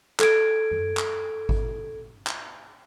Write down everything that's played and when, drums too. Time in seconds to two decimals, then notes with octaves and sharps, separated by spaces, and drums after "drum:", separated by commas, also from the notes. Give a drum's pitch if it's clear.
0.20 A4 G#6 D7, drum: clap
0.71 drum: tom F#2
0.97 drum: clap
1.49 drum: kick G#1
2.27 drum: clap